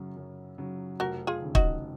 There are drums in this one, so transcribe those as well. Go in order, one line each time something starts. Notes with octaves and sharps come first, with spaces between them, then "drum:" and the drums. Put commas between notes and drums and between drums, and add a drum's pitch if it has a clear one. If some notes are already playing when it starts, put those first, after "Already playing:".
Already playing: F#2 C#3 F#3
F#2
C#3 F#3
F1 F#4 A#4
F4 G#4
D#2 C#3
D#4 F#4, drum: kick